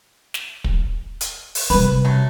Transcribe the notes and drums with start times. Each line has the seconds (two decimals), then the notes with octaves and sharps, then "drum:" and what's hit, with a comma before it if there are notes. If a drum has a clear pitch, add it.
0.34 drum: snare
0.64 drum: kick
1.21 drum: hi-hat
1.55 drum: open hi-hat
1.70 C3 G3 B4
2.05 F#3 A3